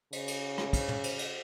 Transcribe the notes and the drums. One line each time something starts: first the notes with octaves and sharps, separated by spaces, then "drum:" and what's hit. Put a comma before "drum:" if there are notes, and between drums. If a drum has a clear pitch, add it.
C#3, drum: cymbal
drum: cymbal
drum: rim click
drum: kick, cymbal
drum: tom
drum: cymbal
drum: cymbal